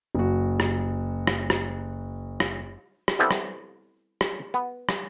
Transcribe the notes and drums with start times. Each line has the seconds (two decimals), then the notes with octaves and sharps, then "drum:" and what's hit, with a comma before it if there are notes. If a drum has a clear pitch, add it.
0.15 F#1 F#4
0.60 drum: rim click
1.27 drum: rim click
1.50 drum: rim click
2.40 drum: rim click
3.08 drum: rim click
3.19 G3 B3 C4 E4 G4 A4
3.31 drum: rim click
4.21 drum: rim click
4.54 B3
4.89 drum: rim click